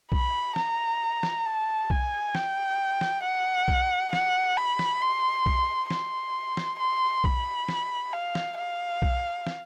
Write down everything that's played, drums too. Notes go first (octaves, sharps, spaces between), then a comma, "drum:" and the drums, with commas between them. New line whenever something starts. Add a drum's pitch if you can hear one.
B5, drum: kick B1
A#5, drum: snare
drum: snare
A5
G#5, drum: kick B1
G5, drum: snare
drum: snare
F#5
drum: kick B1
F#5, drum: snare
B5
drum: snare
C6
drum: kick B1
C6, drum: snare
drum: snare
C6
B5, drum: kick B1
drum: snare
F5
drum: snare
F5
drum: kick B1
drum: snare